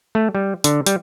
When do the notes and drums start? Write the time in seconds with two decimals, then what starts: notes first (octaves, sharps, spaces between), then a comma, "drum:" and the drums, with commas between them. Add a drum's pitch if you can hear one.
0.15 A3
0.35 G3
0.64 D3, drum: hi-hat
0.86 G3, drum: hi-hat